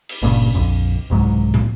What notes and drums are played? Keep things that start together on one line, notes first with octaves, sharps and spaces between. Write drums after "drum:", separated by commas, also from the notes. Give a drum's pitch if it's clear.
drum: cymbal
G1 G2 A#2 C#3
A#1 F2
E1 C2 G#2 F#3
drum: tom